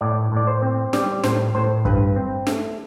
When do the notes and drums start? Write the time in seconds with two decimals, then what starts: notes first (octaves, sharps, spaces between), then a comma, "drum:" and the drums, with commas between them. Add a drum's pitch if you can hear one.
0.01 A2 D5
0.32 A2 D5
0.47 C5
0.62 C4
0.93 G3 D5, drum: snare
1.23 A2 C5, drum: snare
1.55 A2 C5
1.85 G2 B4, drum: kick
2.16 C4
2.47 A3, drum: snare